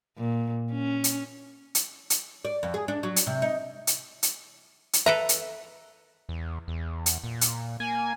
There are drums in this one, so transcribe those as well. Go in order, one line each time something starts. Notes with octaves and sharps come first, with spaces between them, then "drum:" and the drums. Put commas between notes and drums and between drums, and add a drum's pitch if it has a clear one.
A#2
C#4
drum: hi-hat
drum: hi-hat
drum: hi-hat
D5
F2
G#4
D4
F#3
drum: hi-hat
C3
D#4
drum: hi-hat
drum: hi-hat
drum: hi-hat
A4 B4 E5 A#5
drum: hi-hat
E2
E2
drum: hi-hat
A#2
drum: hi-hat
A#3 G#5